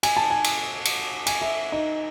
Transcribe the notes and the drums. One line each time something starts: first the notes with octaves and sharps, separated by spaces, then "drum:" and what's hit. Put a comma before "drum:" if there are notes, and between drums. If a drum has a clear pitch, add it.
G#5, drum: cymbal
A5
G#5
drum: cymbal
drum: cymbal
G#5, drum: cymbal
E5
D#4